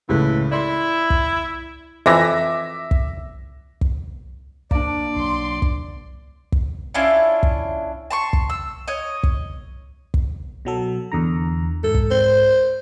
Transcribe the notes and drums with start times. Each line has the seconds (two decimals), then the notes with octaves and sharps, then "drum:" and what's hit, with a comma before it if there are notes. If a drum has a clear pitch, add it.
0.09 C#2 A2 E3
0.51 E4 D5 C6
1.10 drum: kick
2.06 F2 E3 E5 D6 A#6
2.91 drum: kick
3.81 drum: kick
4.71 A#3 D4 D5, drum: kick
5.16 B1 F#3 C6
5.62 drum: kick
6.52 drum: kick
6.94 C#4 D4 E4 F4
7.43 drum: kick
8.10 A5 C6 C#6
8.33 drum: kick
8.50 E6
8.88 C#5 D#5
9.23 drum: kick
10.14 drum: kick
10.65 B2 F#3 A4
11.12 E2 D3 A#5
11.84 G#2 A4
11.94 drum: kick
12.11 C5